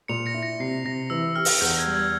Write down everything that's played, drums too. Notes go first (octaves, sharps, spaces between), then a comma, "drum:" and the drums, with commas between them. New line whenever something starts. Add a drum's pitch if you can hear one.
A#2 C#7 F7
A#6 C#7
E4
A#6 C#7
C3 C7
C3 A#6
E3 E6
G4 F6
drum: open hi-hat
E2 G6
G#6
G3
G#6